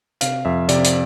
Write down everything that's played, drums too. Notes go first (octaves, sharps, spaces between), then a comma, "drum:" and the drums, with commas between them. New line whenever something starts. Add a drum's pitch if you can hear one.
C3 F5, drum: hi-hat
F2 E5
C3 D5, drum: hi-hat
drum: hi-hat